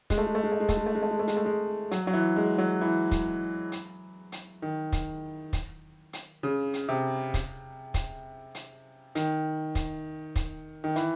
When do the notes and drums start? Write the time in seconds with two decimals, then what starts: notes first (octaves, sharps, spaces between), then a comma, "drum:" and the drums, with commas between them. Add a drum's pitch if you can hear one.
0.10 G#3, drum: kick, hi-hat
0.18 A3
0.26 G#3
0.35 A3
0.43 G#3
0.52 A3
0.60 G#3
0.69 A3, drum: kick, hi-hat
0.77 G#3
0.86 A3
0.95 G#3
1.02 A3
1.11 G#3
1.19 A3
1.28 G#3, drum: hi-hat
1.37 A3
1.45 G#3
1.91 F#3, drum: hi-hat
2.07 F#3
2.13 E3
2.36 G#3
2.58 F#3
2.81 E3
3.11 drum: kick, hi-hat
3.72 drum: hi-hat
4.32 drum: hi-hat
4.62 D#3
4.93 drum: kick, hi-hat
5.53 drum: kick, hi-hat
6.13 drum: hi-hat
6.43 C#3
6.74 drum: hi-hat
6.88 C3
7.34 drum: kick, hi-hat
7.94 drum: kick, hi-hat
8.55 drum: hi-hat
9.15 D#3, drum: hi-hat
9.75 drum: kick, hi-hat
10.36 drum: kick, hi-hat
10.84 D#3
10.96 E3, drum: hi-hat